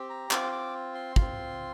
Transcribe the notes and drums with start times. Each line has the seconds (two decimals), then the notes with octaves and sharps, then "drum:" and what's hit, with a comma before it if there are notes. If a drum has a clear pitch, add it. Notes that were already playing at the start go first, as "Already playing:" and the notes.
Already playing: C4 G4
0.09 A#5
0.31 C4 F4 D6, drum: clap
0.52 D6
0.94 C6
1.16 C4 F4, drum: kick